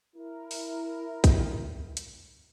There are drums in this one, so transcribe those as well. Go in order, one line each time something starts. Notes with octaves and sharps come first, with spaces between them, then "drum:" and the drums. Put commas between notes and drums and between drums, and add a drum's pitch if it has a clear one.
E4 A#4
drum: open hi-hat
drum: kick, hi-hat
drum: hi-hat